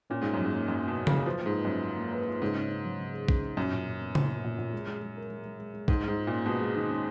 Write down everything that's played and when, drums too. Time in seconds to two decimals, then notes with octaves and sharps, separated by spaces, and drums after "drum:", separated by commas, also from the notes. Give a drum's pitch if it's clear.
0.10 A#2 C#4
0.21 G#2 A#3
0.34 F#2
0.39 F#3
0.45 G#2
0.53 A#3
0.68 F#2 F#3
0.83 B2 C#4
0.98 A#3
1.07 C#3 F#3, drum: tom C#3
1.26 F3 B4
1.41 G#2 A#3
1.55 B4
1.65 F#2 A#3
1.84 A#3
1.98 A#3
2.13 B4
2.27 F4
2.41 G#2 C#3
2.56 C#4
2.70 C#4
2.85 F#3
2.99 C#3
3.14 G#4
3.28 C#4, drum: kick
3.43 C#4
3.57 F#2 A#2
3.72 A#2
3.87 A#2
4.01 B3
4.15 A#2, drum: tom C#3
4.30 A#2
4.44 A#2
4.59 A#2
4.73 G#3
4.87 G#3
5.02 G#3
5.17 A#4
5.31 G#3
5.45 G#3
5.59 G#3
5.74 G#3
5.88 G#2 G#3, drum: kick
6.03 G#3
6.08 G#2
6.18 F4
6.27 A#2 C#4
6.46 B2 G#3
6.61 G#3
6.76 D#3
6.89 C#4